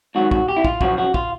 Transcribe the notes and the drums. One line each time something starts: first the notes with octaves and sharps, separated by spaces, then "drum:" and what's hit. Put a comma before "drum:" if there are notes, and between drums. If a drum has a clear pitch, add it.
G#2 D#3 F#3 F#4
F#4, drum: kick
G4
E4
F4, drum: kick
F#2 C#3 F3 F#4, drum: kick
F#4
F4, drum: kick